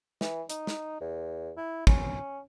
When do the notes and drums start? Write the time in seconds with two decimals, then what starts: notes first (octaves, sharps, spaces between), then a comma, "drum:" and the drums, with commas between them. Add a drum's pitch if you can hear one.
0.21 E3, drum: snare
0.50 D#4, drum: hi-hat
0.67 drum: snare
1.01 E2
1.57 E4
1.87 C#4, drum: kick